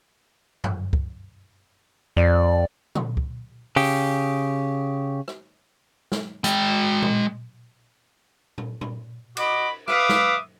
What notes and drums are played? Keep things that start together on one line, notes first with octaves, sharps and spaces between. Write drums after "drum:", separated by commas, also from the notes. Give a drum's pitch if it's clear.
drum: tom F#2
drum: kick C#2
F2 D5
drum: tom A#2
drum: kick C#2
C#3 G4, drum: open hi-hat
drum: rim click
drum: snare
G#3 G5, drum: hi-hat
drum: tom A#2
drum: tom
drum: tom
F#4 D#5 B5 D6, drum: cymbal
B4 E5 F5 D6 D#6, drum: rim click
drum: snare